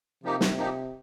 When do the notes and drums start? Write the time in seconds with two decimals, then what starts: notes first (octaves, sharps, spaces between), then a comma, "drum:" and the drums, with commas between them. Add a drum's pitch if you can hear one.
0.23 C3 F3 A#3 D#4 G4
0.41 drum: snare
0.58 F3 A#3 D#4 G4